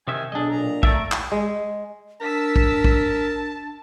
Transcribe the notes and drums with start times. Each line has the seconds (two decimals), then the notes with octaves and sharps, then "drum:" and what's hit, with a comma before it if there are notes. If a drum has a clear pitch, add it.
0.07 C3 D#3 E5 G#5
0.32 B1 D4 G#4 D#5
0.50 A#2 A#5
0.83 A3 D5 E5, drum: kick
1.12 drum: clap
1.32 G#3
2.21 D4 A#4 A5 E6 B6
2.56 drum: kick
2.84 drum: kick